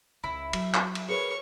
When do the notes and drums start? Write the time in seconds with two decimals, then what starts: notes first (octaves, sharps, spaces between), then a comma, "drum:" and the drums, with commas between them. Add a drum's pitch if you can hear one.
0.24 C#2 E4
0.53 F#3, drum: cymbal
0.74 drum: clap
0.95 drum: cymbal
1.08 G#4 A#4 B4 C#5 C#6